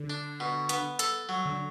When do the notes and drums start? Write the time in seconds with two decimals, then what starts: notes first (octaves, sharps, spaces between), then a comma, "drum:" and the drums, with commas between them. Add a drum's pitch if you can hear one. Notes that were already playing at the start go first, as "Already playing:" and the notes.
Already playing: D3
0.10 D4
0.40 B2
0.69 B3, drum: hi-hat
0.99 A4, drum: hi-hat
1.29 F#3
1.45 D3